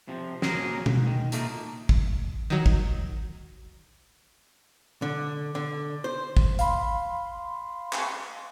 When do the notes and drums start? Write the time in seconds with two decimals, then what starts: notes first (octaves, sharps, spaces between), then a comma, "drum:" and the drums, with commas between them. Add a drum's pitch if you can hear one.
0.08 C3 F3
0.42 F#2 A#2 F#3 A#3 G#4 A#4, drum: snare
0.86 G#2, drum: tom B2
1.06 D#3
1.32 A#2 A3 A#3 D#4, drum: hi-hat
1.89 drum: kick
2.50 D#3 F#3
2.66 drum: kick
5.02 D3
5.55 D3
6.04 C5
6.37 drum: kick
6.59 F5 B5 C6, drum: hi-hat
7.93 drum: clap